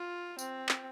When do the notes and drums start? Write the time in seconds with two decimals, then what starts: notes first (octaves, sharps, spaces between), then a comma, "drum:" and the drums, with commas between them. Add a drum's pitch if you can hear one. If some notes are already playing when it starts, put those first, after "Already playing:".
Already playing: F4
0.39 C4, drum: tambourine
0.69 drum: clap